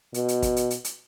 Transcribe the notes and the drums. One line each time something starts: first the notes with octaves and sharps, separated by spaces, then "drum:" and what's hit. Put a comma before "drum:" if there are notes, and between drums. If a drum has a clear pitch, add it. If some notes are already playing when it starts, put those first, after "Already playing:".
B2, drum: hi-hat
drum: hi-hat
drum: kick, hi-hat
drum: hi-hat
drum: hi-hat
drum: hi-hat